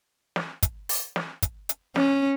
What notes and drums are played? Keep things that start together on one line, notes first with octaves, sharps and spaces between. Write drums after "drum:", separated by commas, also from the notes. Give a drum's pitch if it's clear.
drum: snare
drum: kick, hi-hat
drum: open hi-hat
drum: snare
drum: kick, hi-hat
drum: hi-hat
C#4, drum: snare